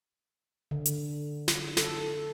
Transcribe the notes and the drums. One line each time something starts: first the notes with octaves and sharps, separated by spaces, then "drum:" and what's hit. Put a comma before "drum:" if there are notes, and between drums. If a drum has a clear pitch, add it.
D3
drum: hi-hat
drum: snare
A4, drum: snare